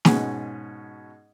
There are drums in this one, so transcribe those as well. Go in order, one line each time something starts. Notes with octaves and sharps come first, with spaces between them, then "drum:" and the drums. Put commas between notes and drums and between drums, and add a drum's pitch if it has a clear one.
G#2 B2 C#4, drum: snare